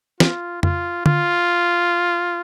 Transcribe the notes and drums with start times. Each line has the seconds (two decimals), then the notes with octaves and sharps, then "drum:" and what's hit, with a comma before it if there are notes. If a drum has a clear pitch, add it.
0.20 F4, drum: snare
0.63 F4, drum: tom F2
1.06 F4, drum: tom D3